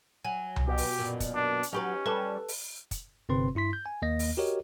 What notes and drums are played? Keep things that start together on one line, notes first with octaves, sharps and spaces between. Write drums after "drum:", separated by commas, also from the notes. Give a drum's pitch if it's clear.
F#3 G#5
drum: tom C2
B2 G4
drum: open hi-hat
F#2 A#2
drum: kick, hi-hat
D4
drum: hi-hat
F#3 C#4 D#4 G4 B4
G3 A4 B4
drum: open hi-hat
drum: kick, hi-hat
G1 C3 C4 B4 C6
G2 E4 C6 B6
G6
G#5
D#2 A#3 D#5 A#6
drum: open hi-hat
F#4 G4 A#4 C#5 D#5